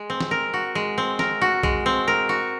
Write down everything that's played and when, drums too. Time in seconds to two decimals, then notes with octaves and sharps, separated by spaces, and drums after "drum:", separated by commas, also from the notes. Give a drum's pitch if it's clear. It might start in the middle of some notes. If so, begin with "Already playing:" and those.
Already playing: G#3
0.10 C4
0.21 drum: snare
0.31 A#4
0.54 F#4
0.75 G#3
0.98 C4
1.19 A#4, drum: snare
1.41 F#4
1.63 G#3, drum: kick A#1
1.86 C4
2.08 A#4
2.29 F#4